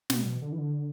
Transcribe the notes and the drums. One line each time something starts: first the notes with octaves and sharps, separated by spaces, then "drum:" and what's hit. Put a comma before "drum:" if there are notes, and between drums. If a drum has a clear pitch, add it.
B2, drum: snare
B2
D3
E3
D3